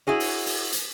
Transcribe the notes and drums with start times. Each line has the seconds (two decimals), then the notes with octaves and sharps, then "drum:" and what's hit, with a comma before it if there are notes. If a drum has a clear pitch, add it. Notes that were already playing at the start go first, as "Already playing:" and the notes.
0.07 E4 F#4 G#4 C#5
0.20 drum: open hi-hat
0.46 drum: open hi-hat
0.72 drum: hi-hat